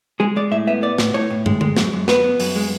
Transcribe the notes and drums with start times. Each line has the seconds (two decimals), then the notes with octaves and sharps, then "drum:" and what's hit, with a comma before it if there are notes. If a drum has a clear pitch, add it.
0.20 G#3 G#4
0.36 G#3 D5
0.51 A2 E5
0.67 B3 E5
0.82 B3 D5
0.98 A2, drum: snare
1.14 A2 C#5
1.30 A2
1.46 G#3, drum: tom
1.61 G#3, drum: tom D3
1.77 F#2, drum: snare
1.93 F#2
2.08 B3 B4, drum: snare
2.24 B3
2.40 F#2, drum: open hi-hat
2.56 G#3